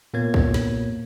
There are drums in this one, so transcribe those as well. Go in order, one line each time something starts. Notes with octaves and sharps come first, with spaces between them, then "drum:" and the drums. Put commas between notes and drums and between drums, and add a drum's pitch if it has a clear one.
A#2 A#3 B3 C#5 G#6
drum: kick
drum: snare